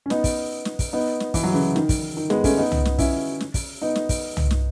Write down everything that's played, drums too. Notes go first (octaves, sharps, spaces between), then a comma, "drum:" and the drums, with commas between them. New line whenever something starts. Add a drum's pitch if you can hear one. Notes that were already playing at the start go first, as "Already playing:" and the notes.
C#4
B3 D#4, drum: snare
drum: kick, open hi-hat
drum: snare
drum: kick, open hi-hat
B3 D#4
drum: snare
E3, drum: kick, open hi-hat
F#3
C#3 E3
D#3, drum: snare
drum: kick, open hi-hat
D#3
G#3 B3, drum: snare
A3 C#4, drum: kick, open hi-hat
B3 D#4
drum: tom
drum: snare
C#4 E4, drum: kick, open hi-hat
drum: snare
drum: kick, open hi-hat
B3 D#4
drum: snare
drum: kick, open hi-hat
drum: tom
drum: snare